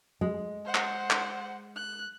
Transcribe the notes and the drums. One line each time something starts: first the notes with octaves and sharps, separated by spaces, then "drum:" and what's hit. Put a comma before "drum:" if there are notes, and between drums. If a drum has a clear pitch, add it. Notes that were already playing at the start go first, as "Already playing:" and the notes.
G#3
C5 F#5
drum: clap
drum: clap
F#6